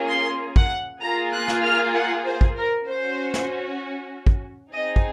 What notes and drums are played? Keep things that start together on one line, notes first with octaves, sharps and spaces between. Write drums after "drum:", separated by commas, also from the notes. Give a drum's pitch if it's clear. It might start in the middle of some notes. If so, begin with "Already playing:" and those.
Already playing: A#3 C#4 F4 G#4
C6
F#5, drum: kick
A#3 F4 G#4 A#5
F#6
drum: snare
F6
F#5
C5
drum: kick
A#4
C#4 F#4 C5
drum: snare
drum: kick
C4 D#4 G#4 D#5
drum: kick